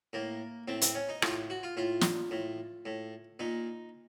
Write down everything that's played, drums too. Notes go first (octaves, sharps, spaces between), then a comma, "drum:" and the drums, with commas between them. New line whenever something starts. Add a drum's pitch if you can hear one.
A2 A#3
A2 C4
C4, drum: hi-hat
C#4
D#4
A2 F4, drum: rim click
F#4
F4
A2 F4
drum: snare
A2
A2
A#2 D#4